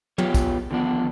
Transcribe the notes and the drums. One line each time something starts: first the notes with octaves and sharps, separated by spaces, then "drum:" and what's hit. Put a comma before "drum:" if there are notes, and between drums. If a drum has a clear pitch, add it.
B3 F4 G4 G#4 C#5, drum: tom
drum: kick, tambourine
D3 D#3 F3 B3 D4